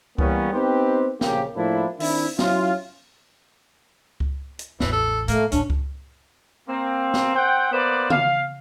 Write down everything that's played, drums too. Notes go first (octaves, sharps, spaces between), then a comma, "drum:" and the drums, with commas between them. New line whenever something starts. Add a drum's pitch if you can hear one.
E3 G3 A#3 B3 C#4, drum: kick C#2
B3 C4 D#4 G4 B4 C5
A#1 C#3 A#3 G4, drum: snare
A2 F3 A#3 D4 E4
D#3 C4 D4 E4, drum: open hi-hat
F#3 C#4 E4 F4, drum: snare
drum: kick C#2
drum: hi-hat
A1 E2 E3, drum: snare
A4
A2 A3 A#3, drum: hi-hat
A#1 D#2 C#4 D4, drum: hi-hat
drum: kick C#2
A#3 C4
drum: snare
C4 C5 F#5 G5
A#3 B3 B4 C5 D5
F5, drum: tom C#3